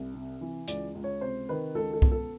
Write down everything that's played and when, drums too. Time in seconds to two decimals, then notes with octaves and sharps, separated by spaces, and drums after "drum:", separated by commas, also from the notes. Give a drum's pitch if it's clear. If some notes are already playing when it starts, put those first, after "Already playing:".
Already playing: C2
0.14 C3
0.41 E3
0.68 C#2 D5, drum: hi-hat
0.95 C#2
1.04 C#5
1.21 C3 C5
1.49 D#3 B4
1.75 C#2 A4
1.94 A4
2.02 B3, drum: kick C2
2.12 A4